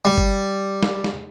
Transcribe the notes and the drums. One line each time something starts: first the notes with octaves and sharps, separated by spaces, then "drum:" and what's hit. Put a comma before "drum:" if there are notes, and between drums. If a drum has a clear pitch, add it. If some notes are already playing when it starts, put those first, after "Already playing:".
G3
drum: kick
drum: snare
drum: snare